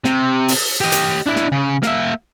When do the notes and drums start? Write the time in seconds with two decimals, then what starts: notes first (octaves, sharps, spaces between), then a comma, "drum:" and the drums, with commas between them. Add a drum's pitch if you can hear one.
0.04 C3, drum: snare
0.48 drum: open hi-hat
0.81 G4 D#5
0.92 drum: hi-hat
1.27 D4 E4
1.36 drum: snare
1.52 C#3
1.83 A#3 E5, drum: snare